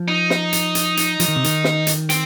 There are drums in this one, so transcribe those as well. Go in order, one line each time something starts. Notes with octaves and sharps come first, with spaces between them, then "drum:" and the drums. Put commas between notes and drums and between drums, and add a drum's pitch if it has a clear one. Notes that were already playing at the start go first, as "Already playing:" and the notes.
Already playing: F3
D#4
drum: snare
drum: hi-hat
drum: hi-hat
drum: hi-hat
F3, drum: hi-hat
D#3
C3
D#3, drum: hi-hat
drum: snare
drum: hi-hat
C4, drum: hi-hat